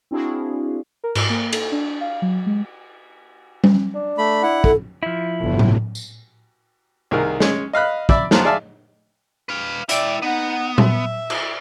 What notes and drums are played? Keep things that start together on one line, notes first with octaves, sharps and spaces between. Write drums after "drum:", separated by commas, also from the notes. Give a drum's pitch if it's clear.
C4 D4 E4 F#4 G#4 F5
A#4
G#2, drum: cymbal
A#3
A4, drum: cymbal
D4
F5
F#3
G#3
drum: tom G3
D4
A3 B5
E4 F#5
A4, drum: kick
F3 E4
G1 A2 C3 F#3
drum: tom A2
drum: tambourine
C2 D#3 G#4 A#4
G#3 C#4, drum: snare
D#5 F5 B5 F#6
D5 E5 B5 D6 E6, drum: kick
D#2 F3 F#3, drum: snare
G#4 D5 E5 F5 A5
B4 F5
E4 D5 E5 G5, drum: hi-hat
B3 D#4 F#5
E5, drum: tom A#2
drum: cymbal